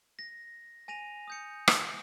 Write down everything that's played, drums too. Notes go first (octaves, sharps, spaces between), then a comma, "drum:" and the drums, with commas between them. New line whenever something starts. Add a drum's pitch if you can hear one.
A#6
G#5 A#6 D#7 F7
D#6 G6 C#7
B6, drum: rim click